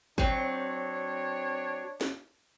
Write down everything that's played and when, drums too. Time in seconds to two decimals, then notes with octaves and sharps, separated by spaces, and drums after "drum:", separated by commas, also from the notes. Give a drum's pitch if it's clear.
0.18 F#3 C4 D4 C#5, drum: kick G1
2.01 drum: snare